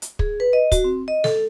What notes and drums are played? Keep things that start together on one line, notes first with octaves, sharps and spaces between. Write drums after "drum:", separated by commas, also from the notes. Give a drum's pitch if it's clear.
drum: hi-hat
G#4, drum: kick
B4
D#5
F#4, drum: kick, hi-hat
C4
D#5
A4, drum: snare